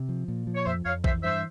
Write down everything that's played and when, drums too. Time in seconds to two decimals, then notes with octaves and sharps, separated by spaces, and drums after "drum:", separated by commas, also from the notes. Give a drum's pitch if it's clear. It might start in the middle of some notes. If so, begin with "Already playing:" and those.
Already playing: C3
0.09 F3
0.28 A#2
0.47 F3
0.55 C#5
0.66 F2 C5 E5
0.85 F2 C#5 F5
1.04 E3 C5 E5, drum: kick A#1
1.23 G2 C5 E5